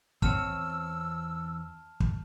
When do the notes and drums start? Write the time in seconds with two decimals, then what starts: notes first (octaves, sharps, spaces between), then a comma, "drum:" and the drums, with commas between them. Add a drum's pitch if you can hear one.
0.22 E2 C4 C#5 A5 E6 F6 E7, drum: kick
2.00 drum: kick